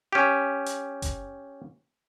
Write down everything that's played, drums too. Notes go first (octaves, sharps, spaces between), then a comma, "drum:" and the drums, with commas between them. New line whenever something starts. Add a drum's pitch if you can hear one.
C#4 G4
drum: hi-hat
drum: kick F#1, hi-hat